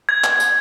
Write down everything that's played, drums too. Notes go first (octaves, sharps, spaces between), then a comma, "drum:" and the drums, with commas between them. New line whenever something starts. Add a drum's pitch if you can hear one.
G#6
drum: clap
drum: tambourine